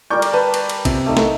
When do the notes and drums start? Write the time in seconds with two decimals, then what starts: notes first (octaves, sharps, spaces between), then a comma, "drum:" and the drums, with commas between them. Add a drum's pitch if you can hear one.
0.10 G3 A#4 D5 C#6 G6
0.22 drum: cymbal
0.33 B4 A5
0.54 drum: cymbal
0.69 drum: cymbal
0.85 C3, drum: kick, cymbal
1.06 A3 D#4
1.17 drum: snare